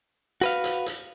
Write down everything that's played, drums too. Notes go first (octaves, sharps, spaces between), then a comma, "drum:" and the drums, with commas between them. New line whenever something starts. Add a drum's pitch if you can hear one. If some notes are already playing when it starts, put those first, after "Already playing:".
F#4 B4 F5, drum: hi-hat
drum: hi-hat
drum: hi-hat